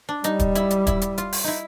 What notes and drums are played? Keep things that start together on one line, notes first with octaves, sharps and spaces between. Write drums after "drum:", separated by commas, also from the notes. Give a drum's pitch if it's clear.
D4
G3 D#4, drum: hi-hat
drum: kick, hi-hat
E4, drum: hi-hat
drum: hi-hat
E4, drum: kick, hi-hat
drum: hi-hat
F4, drum: hi-hat
drum: open hi-hat
D#4 E4